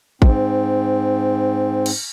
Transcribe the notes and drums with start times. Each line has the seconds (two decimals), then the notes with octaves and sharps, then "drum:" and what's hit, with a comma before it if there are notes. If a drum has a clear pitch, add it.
0.22 G#2 C4, drum: kick A1
1.86 drum: cymbal